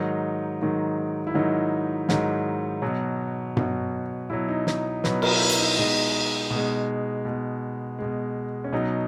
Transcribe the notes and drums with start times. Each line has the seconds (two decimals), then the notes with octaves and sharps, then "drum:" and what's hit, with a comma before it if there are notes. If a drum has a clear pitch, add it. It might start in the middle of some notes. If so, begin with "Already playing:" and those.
Already playing: G#2 D#3 F#3 D#4
0.62 G#2 D#3 F#3
1.27 E4
1.34 G#2 D#3 F#3 D#4
2.09 G#2 D#3 F#3, drum: snare
2.82 B2 F#3
3.57 B2 F#3, drum: tom G2
4.30 B2 F#3 E4
4.48 D#4
4.67 D#4, drum: snare
5.04 B2 F#3 B4, drum: snare
5.22 A#4, drum: cymbal
5.40 E4
5.49 drum: hi-hat
5.59 D#4
5.77 B2 G#3 D#4
6.51 B2
6.56 G#3
7.25 B2 G#3
7.99 B2 G#3
8.64 C#4
8.73 B2 F#3 D#4